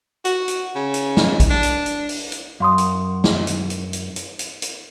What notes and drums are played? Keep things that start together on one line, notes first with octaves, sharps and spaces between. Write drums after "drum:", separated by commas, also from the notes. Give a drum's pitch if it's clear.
F#4, drum: hi-hat
drum: hi-hat
C#3
drum: hi-hat
drum: snare
drum: kick, hi-hat
D4
drum: hi-hat
drum: hi-hat
drum: open hi-hat
drum: hi-hat
F#2 F5 C6 D#6
drum: hi-hat
drum: snare
drum: hi-hat
drum: hi-hat
drum: hi-hat
drum: hi-hat
drum: hi-hat
drum: hi-hat